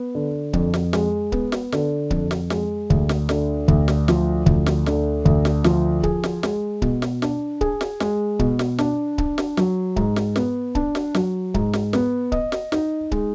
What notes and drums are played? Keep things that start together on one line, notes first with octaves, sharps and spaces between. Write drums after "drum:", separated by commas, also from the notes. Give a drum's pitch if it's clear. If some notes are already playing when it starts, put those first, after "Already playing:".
Already playing: B3
D3
F2, drum: kick C#1
drum: snare
G#3, drum: snare
B3, drum: kick C#1
drum: snare
D3, drum: snare
F2, drum: kick C#1
drum: snare
G#3, drum: snare
D2, drum: kick C#1
drum: snare
D3, drum: snare
D2, drum: kick C#1
drum: snare
F3, drum: snare
D2, drum: kick C#1
drum: snare
D3, drum: snare
D2, drum: kick C#1
drum: snare
F3, drum: snare
G#4, drum: kick C#1
drum: snare
G#3, drum: snare
B2, drum: kick C#1
drum: snare
D4, drum: snare
G#4, drum: kick C#1
drum: snare
G#3, drum: snare
B2, drum: kick C#1
drum: snare
D4, drum: snare
D4, drum: kick C#1
drum: snare
F#3, drum: snare
G#2, drum: kick C#1
drum: snare
B3, drum: snare
D4, drum: kick C#1
drum: snare
F#3, drum: snare
G#2, drum: kick C#1
drum: snare
B3, drum: snare
D#5, drum: kick C#1
drum: snare
D#4, drum: snare
G#3, drum: kick C#1